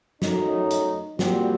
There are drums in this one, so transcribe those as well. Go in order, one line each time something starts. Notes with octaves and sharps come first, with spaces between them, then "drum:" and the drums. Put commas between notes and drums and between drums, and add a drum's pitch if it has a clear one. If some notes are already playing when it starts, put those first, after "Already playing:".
F#2 F#3 A3 D#4, drum: snare
drum: hi-hat
A#2 G3 C4 F#4, drum: snare